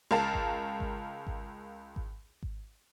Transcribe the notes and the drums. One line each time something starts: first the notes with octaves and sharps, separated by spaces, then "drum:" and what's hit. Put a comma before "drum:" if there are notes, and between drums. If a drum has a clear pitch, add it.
C#2 A#4 F5 A5
drum: kick G#1
drum: kick G#1
drum: kick G#1
drum: kick G#1
drum: kick G#1